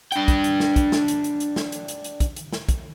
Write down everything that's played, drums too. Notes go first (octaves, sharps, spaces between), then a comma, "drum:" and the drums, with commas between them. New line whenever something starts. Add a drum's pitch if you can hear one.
D4 G5, drum: hi-hat
drum: kick, hi-hat
drum: hi-hat
drum: snare
drum: kick, hi-hat
drum: snare
drum: hi-hat
drum: hi-hat
drum: hi-hat
drum: snare
drum: hi-hat
drum: hi-hat
drum: hi-hat
drum: kick, hi-hat
drum: hi-hat
drum: snare
drum: kick, hi-hat